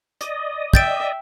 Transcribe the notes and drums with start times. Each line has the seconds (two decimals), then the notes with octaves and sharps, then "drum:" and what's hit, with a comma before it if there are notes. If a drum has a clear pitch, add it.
0.21 D5 D#5 D#6, drum: hi-hat
0.74 E5 G5 G6 A6 D7, drum: kick